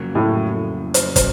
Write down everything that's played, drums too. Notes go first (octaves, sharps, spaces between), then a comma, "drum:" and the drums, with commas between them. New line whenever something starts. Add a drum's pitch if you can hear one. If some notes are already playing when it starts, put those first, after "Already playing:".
Already playing: F2 C#3 F#3 A#3
A2
drum: hi-hat
drum: kick, hi-hat